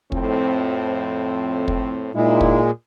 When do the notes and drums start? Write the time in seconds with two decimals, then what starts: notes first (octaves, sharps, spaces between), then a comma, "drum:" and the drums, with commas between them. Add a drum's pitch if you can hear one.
0.12 F2 A2 C4, drum: kick
1.68 drum: kick
2.15 A#2 G#3 D#4 E4
2.41 drum: kick